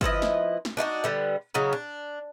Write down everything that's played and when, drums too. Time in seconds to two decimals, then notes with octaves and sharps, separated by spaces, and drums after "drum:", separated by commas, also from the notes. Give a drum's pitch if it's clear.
0.01 F3 E4 B4 D#5, drum: kick G1
0.22 drum: snare
0.65 drum: snare
0.77 D4 D#4 F4 F#4
1.04 D3 G3 B3
1.54 C#3 F#3 D#4
1.73 D4